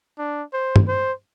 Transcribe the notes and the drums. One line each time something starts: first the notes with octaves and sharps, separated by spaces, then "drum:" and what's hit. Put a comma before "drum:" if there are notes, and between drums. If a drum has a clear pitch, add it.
D4
C5
drum: tom
C5